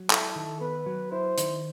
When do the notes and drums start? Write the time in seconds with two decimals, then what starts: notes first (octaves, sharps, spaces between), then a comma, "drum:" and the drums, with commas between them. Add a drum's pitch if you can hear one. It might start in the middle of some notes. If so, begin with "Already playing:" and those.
Already playing: F#3
0.10 E4 A4, drum: clap
0.36 D#3
0.61 B3 B4
0.86 F#3
1.12 E4 C5
1.38 D#3, drum: hi-hat